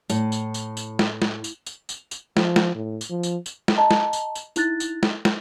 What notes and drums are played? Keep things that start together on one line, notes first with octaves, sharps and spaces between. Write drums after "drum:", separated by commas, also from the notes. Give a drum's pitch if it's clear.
A2, drum: tambourine
drum: tambourine
drum: tambourine
drum: tambourine
drum: snare
drum: snare
drum: tambourine
drum: tambourine
drum: tambourine
drum: tambourine
F3, drum: snare
drum: snare
A2
drum: tambourine
F3
drum: tambourine
drum: tambourine
drum: snare
D#5 A5 A#5
drum: snare
drum: tambourine
drum: tambourine
D#4 E4 F#6 A6, drum: tambourine
drum: tambourine
drum: snare
drum: snare